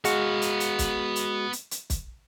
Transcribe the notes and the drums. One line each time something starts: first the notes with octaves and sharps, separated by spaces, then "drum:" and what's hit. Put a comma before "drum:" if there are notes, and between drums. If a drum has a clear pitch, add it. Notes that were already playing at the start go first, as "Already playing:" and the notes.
G#3 B3 F#4 F5 C#7, drum: hi-hat
drum: hi-hat
drum: hi-hat
drum: kick, hi-hat
drum: hi-hat
drum: hi-hat
drum: hi-hat
drum: kick, hi-hat